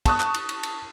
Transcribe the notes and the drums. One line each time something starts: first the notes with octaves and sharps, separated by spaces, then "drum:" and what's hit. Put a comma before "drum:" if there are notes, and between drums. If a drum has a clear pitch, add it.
A5 C#6 D#6 F#6, drum: kick, cymbal
drum: clap
drum: cymbal
drum: cymbal
drum: cymbal